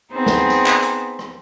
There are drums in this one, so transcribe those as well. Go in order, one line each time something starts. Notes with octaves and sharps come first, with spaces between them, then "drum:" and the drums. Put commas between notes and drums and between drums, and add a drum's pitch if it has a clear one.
B3 C4 D#4 G#4
drum: snare
drum: tambourine
drum: clap
drum: hi-hat
drum: rim click